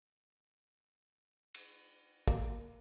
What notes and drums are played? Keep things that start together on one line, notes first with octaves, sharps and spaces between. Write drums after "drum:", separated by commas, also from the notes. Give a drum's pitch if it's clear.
drum: cymbal
A#3, drum: kick